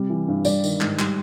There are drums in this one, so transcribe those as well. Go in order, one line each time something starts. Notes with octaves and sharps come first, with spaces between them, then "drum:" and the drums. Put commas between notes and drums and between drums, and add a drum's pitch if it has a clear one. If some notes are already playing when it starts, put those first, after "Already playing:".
Already playing: C3 G3
E3
G2
G3 D5, drum: tambourine
D#3, drum: tambourine
G#2, drum: clap
G3, drum: clap